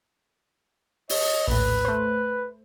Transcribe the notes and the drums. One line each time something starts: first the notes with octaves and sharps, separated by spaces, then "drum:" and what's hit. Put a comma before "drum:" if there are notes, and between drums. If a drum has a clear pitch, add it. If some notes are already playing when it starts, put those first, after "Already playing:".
C#5 D#5, drum: open hi-hat
A#1 D#2 A2 B4
A3 C5